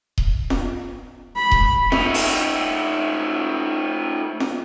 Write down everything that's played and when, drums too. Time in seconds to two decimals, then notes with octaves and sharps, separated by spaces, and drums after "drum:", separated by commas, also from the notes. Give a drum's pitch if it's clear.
0.18 drum: kick D#1
0.50 drum: snare F4
1.36 B5
1.51 drum: kick D#1
1.92 A3 D#4, drum: snare F4
2.14 drum: open hi-hat
4.40 drum: snare F4